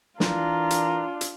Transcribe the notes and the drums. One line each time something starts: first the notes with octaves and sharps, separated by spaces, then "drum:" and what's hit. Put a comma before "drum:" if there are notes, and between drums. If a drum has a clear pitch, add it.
E3 D4 F4 A#4 A#5, drum: snare
drum: hi-hat
drum: hi-hat